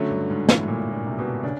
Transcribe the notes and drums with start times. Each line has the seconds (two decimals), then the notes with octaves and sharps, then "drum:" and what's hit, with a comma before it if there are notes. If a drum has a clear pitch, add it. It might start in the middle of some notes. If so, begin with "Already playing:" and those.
Already playing: D3 F#3 A3 C#4
0.10 G2
0.30 G#2
0.49 A2, drum: snare
0.68 A#2
0.93 A#2
1.07 C3
1.19 B2
1.43 C#3 D4